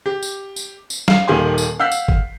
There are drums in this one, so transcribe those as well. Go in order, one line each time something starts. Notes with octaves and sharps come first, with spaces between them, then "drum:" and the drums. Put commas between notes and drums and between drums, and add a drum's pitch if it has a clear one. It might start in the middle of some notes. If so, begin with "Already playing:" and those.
G4
drum: tambourine
drum: tambourine
drum: tambourine
F5, drum: snare
D#1 D#2 D#3 G4 G#5 C6
drum: tambourine
F5 F#5 E6 G6 B6 C7
drum: tambourine
drum: kick